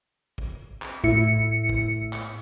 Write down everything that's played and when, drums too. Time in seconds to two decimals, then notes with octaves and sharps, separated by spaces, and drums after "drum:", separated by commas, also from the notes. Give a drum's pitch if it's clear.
0.38 drum: kick
0.82 drum: clap
1.04 A2 E4 C#7, drum: kick
1.69 drum: kick
2.13 drum: clap